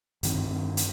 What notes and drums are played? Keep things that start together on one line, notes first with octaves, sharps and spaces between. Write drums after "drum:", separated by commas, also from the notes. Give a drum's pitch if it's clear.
G2 D#3 C4, drum: hi-hat
drum: hi-hat